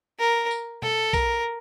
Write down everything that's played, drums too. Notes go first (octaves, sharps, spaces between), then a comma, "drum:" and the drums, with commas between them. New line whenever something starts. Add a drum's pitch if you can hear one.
A#4
drum: tambourine
A4, drum: tom
A#4, drum: kick, tambourine